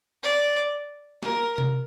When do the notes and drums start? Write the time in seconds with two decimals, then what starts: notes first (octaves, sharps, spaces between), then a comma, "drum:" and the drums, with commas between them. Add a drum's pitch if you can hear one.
0.23 D5
1.23 A#4, drum: snare
1.58 drum: tom C3